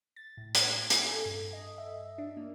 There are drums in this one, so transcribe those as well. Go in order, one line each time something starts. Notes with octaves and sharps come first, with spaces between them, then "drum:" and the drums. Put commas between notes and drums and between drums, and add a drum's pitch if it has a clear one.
A6
A2
G#6, drum: hi-hat
G#5, drum: hi-hat
A4
G2
D#5
E5
D4
A#3